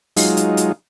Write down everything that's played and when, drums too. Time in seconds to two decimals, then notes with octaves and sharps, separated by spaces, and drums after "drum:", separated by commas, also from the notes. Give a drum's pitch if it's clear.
0.16 F#3 G#3 D#4 F4, drum: open hi-hat
0.37 drum: hi-hat
0.57 drum: hi-hat